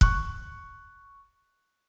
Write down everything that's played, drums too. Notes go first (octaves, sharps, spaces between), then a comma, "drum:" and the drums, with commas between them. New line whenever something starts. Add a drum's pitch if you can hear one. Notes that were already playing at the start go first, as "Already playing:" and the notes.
C#6 F#6, drum: kick